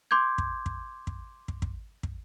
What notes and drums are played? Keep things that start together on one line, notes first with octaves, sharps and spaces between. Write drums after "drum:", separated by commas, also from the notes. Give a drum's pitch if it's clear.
C6 D6 G6 G#6
drum: kick
drum: kick
drum: kick
drum: kick
drum: kick
drum: kick